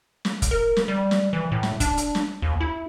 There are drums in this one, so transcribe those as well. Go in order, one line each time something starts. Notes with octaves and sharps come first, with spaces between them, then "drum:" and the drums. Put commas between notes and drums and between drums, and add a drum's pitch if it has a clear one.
drum: snare
drum: kick, hi-hat
A#4
drum: snare
G3
drum: snare
E3
A2
drum: snare
D4, drum: kick, hi-hat
drum: hi-hat
drum: snare
D#2
E4